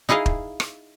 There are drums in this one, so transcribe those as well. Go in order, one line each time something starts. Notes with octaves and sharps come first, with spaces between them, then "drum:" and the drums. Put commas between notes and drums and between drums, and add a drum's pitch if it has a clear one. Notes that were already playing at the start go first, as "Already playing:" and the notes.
D#4 E4 G#4 D#5 F5
drum: kick
drum: rim click